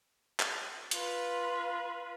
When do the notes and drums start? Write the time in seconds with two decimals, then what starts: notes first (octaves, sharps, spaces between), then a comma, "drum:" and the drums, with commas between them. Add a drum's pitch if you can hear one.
0.40 drum: clap
0.91 F4 B4, drum: hi-hat